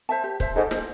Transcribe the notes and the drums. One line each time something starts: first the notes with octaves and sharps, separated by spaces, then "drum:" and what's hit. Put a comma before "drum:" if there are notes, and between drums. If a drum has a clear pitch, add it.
C5 E5 A5
G4
C5 E5 A5, drum: kick
G#2 A4
C5 D#5, drum: snare